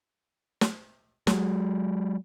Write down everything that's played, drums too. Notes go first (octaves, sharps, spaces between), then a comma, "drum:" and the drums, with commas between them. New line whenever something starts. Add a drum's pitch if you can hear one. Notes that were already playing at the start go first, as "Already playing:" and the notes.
drum: snare
F#3 G#3, drum: snare